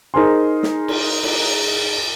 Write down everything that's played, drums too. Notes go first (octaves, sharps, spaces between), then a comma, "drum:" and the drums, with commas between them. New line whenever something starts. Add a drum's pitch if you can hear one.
D#4 G#4 A#4 C5 G#5 C6
drum: snare
drum: cymbal
drum: cymbal